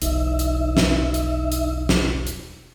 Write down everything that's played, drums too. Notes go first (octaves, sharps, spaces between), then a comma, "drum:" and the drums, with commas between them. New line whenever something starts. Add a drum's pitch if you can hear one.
E1 B1 D#4 E5, drum: hi-hat
drum: hi-hat
drum: snare
drum: hi-hat
drum: hi-hat
drum: snare
drum: hi-hat